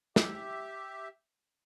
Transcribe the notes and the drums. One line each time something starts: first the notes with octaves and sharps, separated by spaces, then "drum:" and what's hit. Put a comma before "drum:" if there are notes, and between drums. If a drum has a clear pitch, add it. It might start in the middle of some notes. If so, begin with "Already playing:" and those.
G4 E5, drum: snare